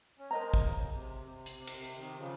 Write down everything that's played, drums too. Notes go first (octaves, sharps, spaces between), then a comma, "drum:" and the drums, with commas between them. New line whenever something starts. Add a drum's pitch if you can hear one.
C#4
G#3 C4 A#4 D#5 A#5
C3, drum: kick
C#3
C3
C3
drum: hi-hat
C3
drum: cymbal
C3
C3 D#3
C#3 F3